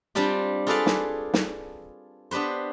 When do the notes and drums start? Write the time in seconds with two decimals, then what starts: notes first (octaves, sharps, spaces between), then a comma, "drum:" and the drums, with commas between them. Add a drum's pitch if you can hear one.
0.15 G3 C4 D4 F4 G4
0.67 F4 G#4 A4 B4 D5 F5
0.86 drum: snare
1.34 drum: snare
2.31 B3 D4 G4 B4 C5